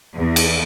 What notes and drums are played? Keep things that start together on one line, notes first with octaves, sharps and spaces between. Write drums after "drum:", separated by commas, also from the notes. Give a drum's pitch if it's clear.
E2
drum: cymbal